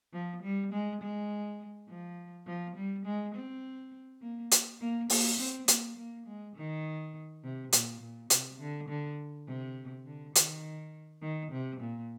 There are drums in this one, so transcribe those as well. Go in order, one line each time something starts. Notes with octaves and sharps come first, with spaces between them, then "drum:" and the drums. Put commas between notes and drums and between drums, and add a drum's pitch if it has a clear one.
F3
G3
G#3
G#3
F3
F3
G3
G#3
C4
A#3
drum: hi-hat
A#3
A#3, drum: open hi-hat
C4
A#3, drum: hi-hat
A#3
G#3
D#3
C3
A#2, drum: hi-hat
A#2
C3, drum: hi-hat
D3
D3
C3
D3
D#3, drum: hi-hat
D#3
C3
A#2